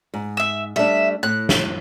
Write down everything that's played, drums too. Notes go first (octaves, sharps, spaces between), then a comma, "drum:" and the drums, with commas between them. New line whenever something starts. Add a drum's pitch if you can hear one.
G#2
E5 E6
G3 A3 D4 E5
A2 F#6
drum: snare